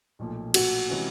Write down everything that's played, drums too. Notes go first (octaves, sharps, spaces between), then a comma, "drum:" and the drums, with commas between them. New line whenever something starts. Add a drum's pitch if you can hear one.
B1 A#2 F3 A3
F#4, drum: cymbal
C3 E3 G#3 C#4